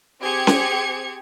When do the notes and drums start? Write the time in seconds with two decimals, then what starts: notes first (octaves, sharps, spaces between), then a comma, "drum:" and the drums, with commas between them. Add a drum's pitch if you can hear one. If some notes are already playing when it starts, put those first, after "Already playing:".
0.21 C4 G4 G#4 G#6 C#7
0.47 drum: snare C#4